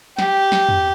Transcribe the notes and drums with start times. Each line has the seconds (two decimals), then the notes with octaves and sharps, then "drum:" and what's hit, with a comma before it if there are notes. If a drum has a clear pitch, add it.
0.18 G4, drum: snare
0.52 drum: snare
0.69 drum: tom